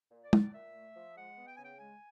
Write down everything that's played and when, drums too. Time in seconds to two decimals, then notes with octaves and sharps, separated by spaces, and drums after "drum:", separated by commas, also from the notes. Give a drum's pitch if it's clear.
0.11 A#2
0.23 D5
0.33 A#2, drum: tom
0.53 A#2 E5
0.74 A3
0.95 F3
1.16 G#3 F#5
1.37 B3
1.47 G5
1.56 C#3 G#5
1.63 G5
1.78 G#3 G#5